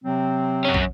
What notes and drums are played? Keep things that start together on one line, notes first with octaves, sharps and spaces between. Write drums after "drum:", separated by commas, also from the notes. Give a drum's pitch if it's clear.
C3 F#3 C4
F#2 C#4
drum: kick